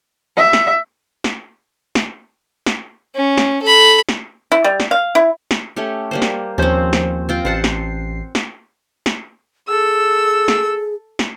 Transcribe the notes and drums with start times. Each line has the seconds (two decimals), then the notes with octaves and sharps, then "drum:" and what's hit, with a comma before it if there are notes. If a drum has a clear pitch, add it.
0.37 E5
0.53 drum: snare
1.24 drum: snare
1.95 drum: snare
2.66 drum: snare
3.15 C#4
3.38 drum: snare
3.63 A4 B5
4.09 drum: snare
4.52 E4
4.64 G3
4.80 drum: snare
4.91 F5
5.15 E4
5.51 drum: snare
5.76 A3 C#4 G4
6.11 G3 A#3 C5
6.22 drum: snare
6.58 D#2 F3 C4 C#4 C5
6.93 drum: snare
7.29 C4 F4 G5
7.45 A1 C5 F#5 A5 C7
7.64 drum: snare
8.35 drum: snare
9.06 drum: snare
9.68 G#4 A4 E6
10.48 drum: snare
11.19 drum: snare